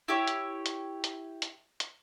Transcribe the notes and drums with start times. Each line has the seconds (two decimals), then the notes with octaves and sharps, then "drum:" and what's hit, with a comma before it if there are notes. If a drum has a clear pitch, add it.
0.08 E4 G4 C#5
0.27 drum: hi-hat
0.66 drum: hi-hat
1.04 drum: hi-hat
1.42 drum: hi-hat
1.80 drum: hi-hat